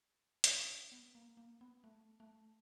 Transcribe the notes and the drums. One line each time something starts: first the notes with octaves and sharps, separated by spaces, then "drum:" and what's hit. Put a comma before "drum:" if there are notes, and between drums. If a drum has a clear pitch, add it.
D4, drum: hi-hat
B3
A#3
A#3
B3
A3
A3